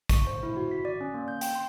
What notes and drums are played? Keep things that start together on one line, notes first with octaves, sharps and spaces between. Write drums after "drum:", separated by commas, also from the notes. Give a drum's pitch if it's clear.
C#6, drum: kick, hi-hat
C5
E4
F#4
B6
D5
C#4
A#3
G6
G5, drum: hi-hat
C6